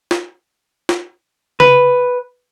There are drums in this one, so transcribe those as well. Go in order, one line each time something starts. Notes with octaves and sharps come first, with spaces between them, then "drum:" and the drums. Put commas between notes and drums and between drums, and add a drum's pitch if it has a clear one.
drum: snare
drum: snare
B4, drum: tom C#3